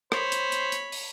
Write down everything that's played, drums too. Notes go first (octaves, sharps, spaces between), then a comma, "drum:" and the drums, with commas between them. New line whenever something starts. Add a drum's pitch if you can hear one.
C5 C#5 B5, drum: rim click
drum: hi-hat
drum: hi-hat
drum: hi-hat
drum: open hi-hat